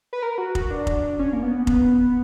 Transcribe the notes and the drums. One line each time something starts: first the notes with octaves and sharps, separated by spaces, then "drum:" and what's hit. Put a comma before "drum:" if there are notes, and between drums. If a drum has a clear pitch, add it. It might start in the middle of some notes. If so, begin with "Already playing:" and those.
B4
A#4
F#4
F#4, drum: kick F1
D4
drum: kick F1
C#4
A#3
B3
B3, drum: kick F1